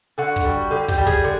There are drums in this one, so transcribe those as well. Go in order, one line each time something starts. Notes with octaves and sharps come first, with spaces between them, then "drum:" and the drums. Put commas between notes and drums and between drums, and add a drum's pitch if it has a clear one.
D3 F#4
drum: kick
G3
D3 G4
G4, drum: kick
G3
G#4, drum: kick
D3